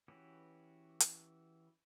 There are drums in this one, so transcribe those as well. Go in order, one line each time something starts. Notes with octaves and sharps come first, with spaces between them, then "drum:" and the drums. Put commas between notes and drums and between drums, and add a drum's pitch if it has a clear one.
E3 C#4 F#4 G4 B4
drum: hi-hat